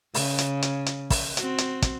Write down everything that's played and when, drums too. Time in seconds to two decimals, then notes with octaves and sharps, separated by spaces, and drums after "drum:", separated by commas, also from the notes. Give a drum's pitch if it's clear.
0.14 C#3, drum: open hi-hat
0.38 drum: hi-hat
0.62 drum: hi-hat
0.86 drum: hi-hat
1.10 drum: kick, open hi-hat
1.37 C4 F#4, drum: hi-hat
1.58 drum: hi-hat
1.82 drum: kick, hi-hat